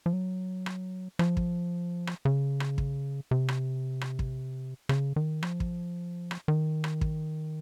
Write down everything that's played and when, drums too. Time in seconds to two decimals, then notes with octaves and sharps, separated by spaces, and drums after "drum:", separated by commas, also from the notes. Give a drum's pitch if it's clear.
0.06 F3
0.13 F#3
0.66 drum: rim click
1.19 F3, drum: rim click
1.37 drum: kick
2.07 drum: rim click
2.25 C#3
2.60 drum: rim click
2.78 drum: kick
3.31 C3
3.48 drum: rim click
4.01 drum: rim click
4.19 drum: kick
4.89 C#3, drum: rim click
5.16 D#3
5.43 F3, drum: rim click
5.60 drum: kick
6.31 drum: rim click
6.48 D#3
6.84 drum: rim click
7.01 drum: kick